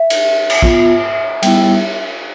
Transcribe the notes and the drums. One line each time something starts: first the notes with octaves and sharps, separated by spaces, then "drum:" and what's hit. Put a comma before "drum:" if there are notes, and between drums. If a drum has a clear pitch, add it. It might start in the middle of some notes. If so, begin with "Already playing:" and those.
Already playing: E5
drum: cymbal
drum: cymbal
B3 F4, drum: kick
G3 B3 E4, drum: cymbal